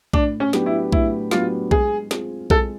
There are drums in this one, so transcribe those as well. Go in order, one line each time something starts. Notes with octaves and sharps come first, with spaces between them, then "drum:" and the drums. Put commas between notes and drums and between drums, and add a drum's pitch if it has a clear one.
A2 D4, drum: kick B1
C#4
F#3 B3 D4 G4, drum: snare
E4
A2 E4, drum: kick B1
F#3 B3 D4 F4 G4, drum: snare
G#3 G#4, drum: kick B1
C4 F4 G#4, drum: snare
G#3 A4, drum: kick B1